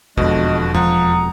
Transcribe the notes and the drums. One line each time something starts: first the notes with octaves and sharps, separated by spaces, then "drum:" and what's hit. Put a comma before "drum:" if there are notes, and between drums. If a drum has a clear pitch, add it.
E1 F2 B2 D3 G#3 D4 F#4 D#5, drum: kick
F3 F#5 A#5 D#6, drum: tom E2